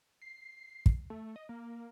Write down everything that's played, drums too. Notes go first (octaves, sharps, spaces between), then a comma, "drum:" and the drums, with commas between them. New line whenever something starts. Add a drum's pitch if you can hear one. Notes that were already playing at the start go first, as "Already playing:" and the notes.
C7
drum: kick
A3
D#5
A#3